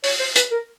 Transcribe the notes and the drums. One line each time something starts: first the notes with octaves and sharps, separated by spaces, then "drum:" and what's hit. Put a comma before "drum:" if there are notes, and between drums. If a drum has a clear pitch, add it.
C#5, drum: open hi-hat
C5
B4, drum: hi-hat
A#4